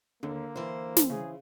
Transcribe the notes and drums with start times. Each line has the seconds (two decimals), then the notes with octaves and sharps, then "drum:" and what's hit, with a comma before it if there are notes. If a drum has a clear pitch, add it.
0.23 D#2 D3 A#3
0.56 E3 C5
0.97 drum: snare
1.10 C#3 G#4